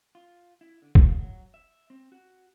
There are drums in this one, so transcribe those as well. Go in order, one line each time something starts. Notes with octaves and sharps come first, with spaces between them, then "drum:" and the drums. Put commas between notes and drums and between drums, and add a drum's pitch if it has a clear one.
F4
E4
D3
F4, drum: kick E1
F#3
E5
C4
F#4